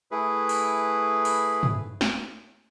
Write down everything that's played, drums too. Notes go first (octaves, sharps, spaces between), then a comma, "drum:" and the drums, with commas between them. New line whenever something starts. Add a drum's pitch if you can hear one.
A3 E4 G#4 B4
drum: open hi-hat
drum: open hi-hat
drum: tom
drum: snare